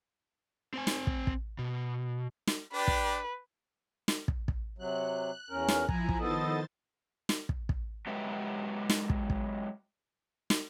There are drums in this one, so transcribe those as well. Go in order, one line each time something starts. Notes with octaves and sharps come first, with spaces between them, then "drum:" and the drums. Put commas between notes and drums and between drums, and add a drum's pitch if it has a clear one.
C4 C5 G#5
drum: snare
drum: kick
drum: kick
B2
drum: snare
D4 G4 B4 D5
drum: kick
drum: snare
drum: kick
drum: kick
C3 F#3 F#6
E2 C#4 A#4
drum: snare
F3 E4 G#5 A#5, drum: kick
drum: kick
D#3 B3 A4 C5 D#5 A6
drum: snare
drum: kick
drum: kick
F#3 G#3 G4 B4 E5
drum: snare
drum: kick
drum: kick
drum: snare